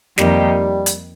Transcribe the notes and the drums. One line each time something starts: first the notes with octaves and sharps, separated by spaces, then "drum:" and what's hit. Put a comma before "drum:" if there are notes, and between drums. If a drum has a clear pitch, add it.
F2 D#3 G3 A#3 D#4 G4, drum: snare
drum: hi-hat